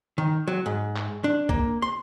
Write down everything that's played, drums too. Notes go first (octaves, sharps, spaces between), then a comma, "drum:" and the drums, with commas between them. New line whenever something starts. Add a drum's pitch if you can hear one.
D#3
F#3
G#2
drum: clap
D4
A#3, drum: kick C2
C6